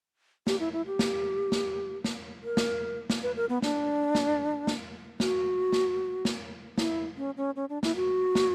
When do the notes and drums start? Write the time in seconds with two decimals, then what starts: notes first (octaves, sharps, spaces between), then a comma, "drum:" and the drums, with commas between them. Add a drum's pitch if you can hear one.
0.47 G4, drum: snare
0.60 E4
0.73 E4
0.87 G4
0.99 drum: snare
1.52 drum: snare
2.04 drum: snare
2.44 A#4
2.57 drum: snare
3.10 drum: snare
3.23 B4
3.36 A#4
3.49 B3
3.62 D4, drum: snare
4.15 drum: snare
4.67 drum: snare
5.20 F#4, drum: snare
5.72 drum: snare
6.25 drum: snare
6.78 E4, drum: snare
7.17 C#4
7.37 C#4
7.56 C#4
7.70 D4
7.83 E4, drum: snare
7.96 F#4
8.35 drum: snare